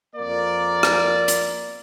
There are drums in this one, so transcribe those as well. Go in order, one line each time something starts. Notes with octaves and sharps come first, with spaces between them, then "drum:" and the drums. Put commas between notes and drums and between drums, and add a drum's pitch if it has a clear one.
F2 A#3 A#4 D5
drum: rim click
drum: hi-hat